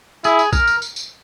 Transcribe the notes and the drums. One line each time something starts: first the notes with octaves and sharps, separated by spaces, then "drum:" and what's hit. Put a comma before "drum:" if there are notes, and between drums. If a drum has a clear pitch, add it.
E4 G#4, drum: tambourine
drum: tambourine
A#4, drum: kick, tambourine
drum: tambourine
drum: tambourine
drum: tambourine